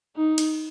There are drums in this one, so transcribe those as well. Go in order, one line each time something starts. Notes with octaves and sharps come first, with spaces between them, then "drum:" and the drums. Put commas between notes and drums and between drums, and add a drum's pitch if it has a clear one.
D#4
drum: cymbal